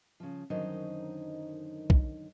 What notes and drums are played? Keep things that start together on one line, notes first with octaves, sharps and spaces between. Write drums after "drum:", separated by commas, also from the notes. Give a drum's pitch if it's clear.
C#3 F3
F#2 D3 D#3 F#3 D#4 C5
drum: kick